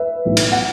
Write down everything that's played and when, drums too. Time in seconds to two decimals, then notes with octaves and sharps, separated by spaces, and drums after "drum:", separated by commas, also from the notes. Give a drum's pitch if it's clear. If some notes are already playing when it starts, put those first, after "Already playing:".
Already playing: B4 E5
0.25 B1 A2 E3
0.37 drum: cymbal
0.52 F#5